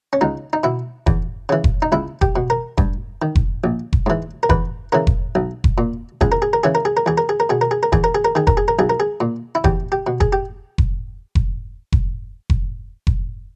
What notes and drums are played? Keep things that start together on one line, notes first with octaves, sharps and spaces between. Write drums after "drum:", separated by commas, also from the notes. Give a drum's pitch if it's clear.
C#4
C#2 D#4
D#4
B2 E4
E2, drum: kick F1
C#3 E3
drum: kick F1
D#4
C#2 E4
G4, drum: kick F1
B2
A#4
G2, drum: kick F1
D#3
drum: kick F1
A#1
drum: kick F1
G#2 E3
A#4
E2 B4, drum: kick F1
C#3 E3 A#4
drum: kick F1
B1
drum: kick F1
A#2
C#2 G#4, drum: kick F1
A#4
G#4
A#4
C#3 E3 G#4
A#4
G#4
A#4
E2 G#4
A#4
G#4
A#4
B2 G#4
A#4
G#4
A#4
E2 G#4, drum: kick F1
A#4
G#4
A#4
D#3 G#4
A#4, drum: kick F1
G#4
A#4
B1 G#4
A#4
G#4
A#2
E4
E2 G4, drum: kick F1
G4
B2
G#4, drum: kick F1
G4
drum: kick F1
drum: kick F1
drum: kick F1
drum: kick F1
drum: kick F1